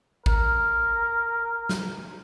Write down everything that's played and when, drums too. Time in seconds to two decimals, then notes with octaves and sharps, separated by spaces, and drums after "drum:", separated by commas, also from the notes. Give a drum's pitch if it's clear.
0.26 A#4, drum: kick G#1
1.69 drum: snare